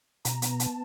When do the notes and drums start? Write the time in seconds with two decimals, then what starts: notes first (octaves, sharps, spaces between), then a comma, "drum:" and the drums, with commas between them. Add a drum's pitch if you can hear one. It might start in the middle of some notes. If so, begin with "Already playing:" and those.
0.25 B2 A#5, drum: hi-hat
0.42 B3, drum: hi-hat
0.60 A5, drum: hi-hat